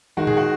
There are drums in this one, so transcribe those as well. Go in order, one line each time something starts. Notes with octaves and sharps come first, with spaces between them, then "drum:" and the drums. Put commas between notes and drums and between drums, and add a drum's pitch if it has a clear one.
D#3 G#3 F#4
G#4, drum: tom A2
F#4